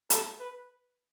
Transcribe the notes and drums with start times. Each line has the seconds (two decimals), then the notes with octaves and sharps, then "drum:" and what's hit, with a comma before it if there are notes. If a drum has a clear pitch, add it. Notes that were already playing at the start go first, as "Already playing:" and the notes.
0.10 A4, drum: hi-hat
0.40 B4